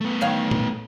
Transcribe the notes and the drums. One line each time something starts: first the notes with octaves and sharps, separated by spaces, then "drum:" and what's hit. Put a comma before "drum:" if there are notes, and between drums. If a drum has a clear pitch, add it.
A3 B3
D#3 C#5 F5
drum: tom A#2